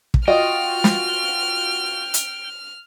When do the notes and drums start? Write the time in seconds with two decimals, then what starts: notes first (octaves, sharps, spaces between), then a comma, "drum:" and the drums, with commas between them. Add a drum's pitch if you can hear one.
0.14 drum: kick
0.28 F4 F#4 D#5 G5 F6
0.84 drum: snare
2.14 drum: hi-hat